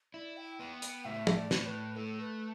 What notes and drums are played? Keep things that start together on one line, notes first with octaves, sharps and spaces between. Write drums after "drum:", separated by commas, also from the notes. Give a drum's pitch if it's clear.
E4 D5
G5
B3 G5
G5, drum: hi-hat
A2 E5
drum: tom
D5
A2, drum: snare
D5
B4
A3 A4
B4